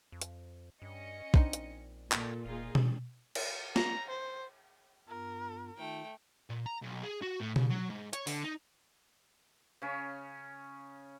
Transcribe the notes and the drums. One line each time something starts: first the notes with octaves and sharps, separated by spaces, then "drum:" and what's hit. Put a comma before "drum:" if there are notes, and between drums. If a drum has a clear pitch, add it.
F2
drum: hi-hat
G2 C#4 D#5 C#7
A#1 C4 D4 D#4, drum: kick B1
drum: hi-hat
A#2 A4, drum: clap
E1 D#4 F4 G#4
drum: tom B2
drum: cymbal
A#5, drum: snare
C5
G2 B3 F4 A#4
D#3 A3 D#4 F4 G5
A#2
A#5
B1
G#4
F#4
A2
C#3, drum: tom B2
F#3
G#2
C#5, drum: hi-hat
D3, drum: open hi-hat
D#4
C#3 C#4